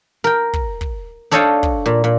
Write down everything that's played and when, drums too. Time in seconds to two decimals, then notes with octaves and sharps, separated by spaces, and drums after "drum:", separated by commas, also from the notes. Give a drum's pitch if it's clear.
0.24 A#4 G5
0.53 drum: kick
0.81 drum: kick
1.31 D4 A4 C#5 D#5 F5 G5
1.63 drum: kick
1.86 A#2
2.04 A#2